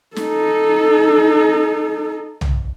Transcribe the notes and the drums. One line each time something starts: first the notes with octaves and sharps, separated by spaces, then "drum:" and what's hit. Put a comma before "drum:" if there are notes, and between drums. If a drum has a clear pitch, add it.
D#4 A4, drum: snare
drum: tom B1